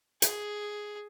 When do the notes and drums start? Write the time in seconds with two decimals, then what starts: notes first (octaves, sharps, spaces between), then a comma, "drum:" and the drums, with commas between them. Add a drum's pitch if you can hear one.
0.22 G#4, drum: hi-hat